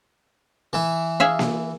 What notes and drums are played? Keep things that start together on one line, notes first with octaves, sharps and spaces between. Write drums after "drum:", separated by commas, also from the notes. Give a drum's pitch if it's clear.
E3 E4
G#4 E5 F5
drum: snare A#3